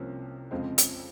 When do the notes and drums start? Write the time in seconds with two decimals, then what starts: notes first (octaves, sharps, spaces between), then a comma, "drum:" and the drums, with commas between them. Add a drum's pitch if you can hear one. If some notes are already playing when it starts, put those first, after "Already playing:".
Already playing: C2 C3 F3 A#3 C#4
0.51 F2 C#3 F3 G#3 C4
0.78 drum: hi-hat